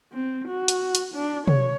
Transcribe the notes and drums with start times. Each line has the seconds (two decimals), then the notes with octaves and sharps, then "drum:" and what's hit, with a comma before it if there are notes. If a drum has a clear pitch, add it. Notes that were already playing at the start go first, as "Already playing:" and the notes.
0.13 C4
0.48 F#4
0.68 drum: hi-hat
0.95 drum: hi-hat
1.14 D4
1.47 C#5, drum: tom